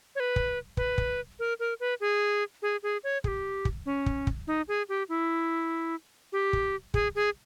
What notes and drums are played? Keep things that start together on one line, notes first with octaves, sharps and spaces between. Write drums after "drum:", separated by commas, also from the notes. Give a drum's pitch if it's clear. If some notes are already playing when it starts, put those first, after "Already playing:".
C#5
B4
drum: kick
B4, drum: kick
drum: kick
A#4
A#4
B4
G#4
G#4
G#4
C#5
G#4, drum: kick
G4
drum: kick
C#4
drum: kick
drum: kick
D#4
G#4
G4
E4
G4
drum: kick
G#4, drum: kick
G#4